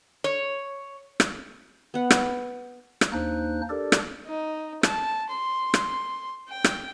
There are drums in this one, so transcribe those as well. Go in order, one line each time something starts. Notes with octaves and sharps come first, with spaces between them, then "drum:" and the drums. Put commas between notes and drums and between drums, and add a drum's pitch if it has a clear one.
C#5
drum: rim click
B3 F#5
drum: rim click
drum: rim click
D#2 A#3 D4 D#4 C5 F#6
D4 G4 A4 A#4 D5
drum: rim click
D#4
A5, drum: rim click
C6
drum: rim click
G5
drum: rim click